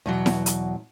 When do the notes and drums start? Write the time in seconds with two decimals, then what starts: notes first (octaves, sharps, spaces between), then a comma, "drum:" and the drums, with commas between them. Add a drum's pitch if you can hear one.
0.06 E2 B2 F#3
0.26 drum: snare E4
0.46 drum: hi-hat